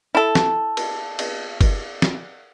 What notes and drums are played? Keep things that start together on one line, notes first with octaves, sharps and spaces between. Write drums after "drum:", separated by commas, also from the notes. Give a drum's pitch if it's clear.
E4 A4
drum: snare
drum: cymbal
drum: cymbal
drum: kick, cymbal
drum: snare